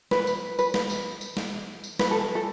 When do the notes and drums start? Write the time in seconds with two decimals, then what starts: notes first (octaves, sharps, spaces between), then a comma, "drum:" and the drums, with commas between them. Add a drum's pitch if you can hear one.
0.11 B4, drum: snare
0.27 drum: tambourine
0.59 B4, drum: tambourine
0.74 drum: snare
0.90 drum: tambourine
1.21 drum: tambourine
1.37 drum: snare
1.84 drum: tambourine
1.99 B4, drum: snare
2.11 A4
2.35 A4